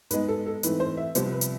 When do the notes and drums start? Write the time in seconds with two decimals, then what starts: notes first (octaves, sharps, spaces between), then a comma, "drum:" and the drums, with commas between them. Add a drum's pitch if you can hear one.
0.11 G#2 G#3 B3 B4, drum: hi-hat
0.29 A4
0.46 A4
0.63 G#2 E3 A3 C4 B4, drum: hi-hat
0.80 C5
0.97 E5
1.15 C2 C3 F3 B3 C5, drum: hi-hat
1.32 B4
1.41 drum: hi-hat